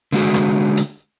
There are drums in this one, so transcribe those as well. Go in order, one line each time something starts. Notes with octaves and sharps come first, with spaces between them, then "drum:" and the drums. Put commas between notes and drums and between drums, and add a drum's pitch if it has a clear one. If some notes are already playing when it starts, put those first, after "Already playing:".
D3 G#3 F#4 G#4
drum: rim click
drum: hi-hat